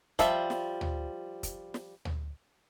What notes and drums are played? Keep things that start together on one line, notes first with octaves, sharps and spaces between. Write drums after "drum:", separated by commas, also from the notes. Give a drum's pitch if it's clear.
F3 G3 E5, drum: kick, hi-hat
drum: snare
drum: tom
drum: kick, hi-hat
drum: snare
drum: tom